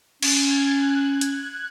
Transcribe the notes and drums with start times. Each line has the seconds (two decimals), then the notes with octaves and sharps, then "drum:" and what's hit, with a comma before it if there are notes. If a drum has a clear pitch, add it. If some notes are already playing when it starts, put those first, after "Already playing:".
0.23 C#4, drum: cymbal
0.50 G#6
0.79 F#6
1.21 drum: hi-hat